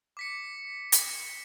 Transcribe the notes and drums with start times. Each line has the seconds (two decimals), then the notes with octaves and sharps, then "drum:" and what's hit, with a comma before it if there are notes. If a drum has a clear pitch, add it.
0.17 D6 B6 C#7
0.92 drum: hi-hat